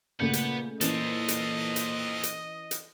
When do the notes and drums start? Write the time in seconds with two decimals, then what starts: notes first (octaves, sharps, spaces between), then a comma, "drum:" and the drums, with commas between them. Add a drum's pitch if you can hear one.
0.20 A#2 C#3 A3 B4 F#5 G6
0.33 drum: hi-hat
0.81 A#2 E3 C#4 A4 C5 D#5, drum: hi-hat
1.28 drum: hi-hat
1.76 drum: hi-hat
2.23 drum: hi-hat
2.71 drum: hi-hat